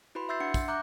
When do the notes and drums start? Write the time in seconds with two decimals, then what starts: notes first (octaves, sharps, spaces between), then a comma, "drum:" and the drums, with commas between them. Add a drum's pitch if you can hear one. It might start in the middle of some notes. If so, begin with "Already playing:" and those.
0.15 E4 F#4 B4 B5 C6
0.29 E5 C6 E6 G6 A6 C7
0.40 D4 F#5 C#7
0.54 drum: kick, tambourine
0.68 E5 A#5 D6 F#6 G6